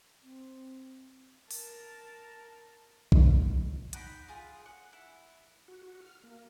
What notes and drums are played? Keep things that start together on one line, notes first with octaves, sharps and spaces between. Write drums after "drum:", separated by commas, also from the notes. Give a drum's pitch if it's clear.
C4
A#4 A5, drum: open hi-hat
drum: kick A#1
D#4 F#5 G5 B5, drum: hi-hat
F4 G#4
F#5
E4
F#4
F#4
F6
A#3